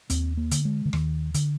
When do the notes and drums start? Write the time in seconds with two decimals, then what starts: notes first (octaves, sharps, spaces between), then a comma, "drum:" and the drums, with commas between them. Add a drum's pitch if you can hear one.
0.10 D#2 C4, drum: hi-hat
0.37 A#3
0.51 D3, drum: hi-hat
0.65 G#3
0.85 D3
0.93 D#2 D#3, drum: rim click
1.34 D3, drum: hi-hat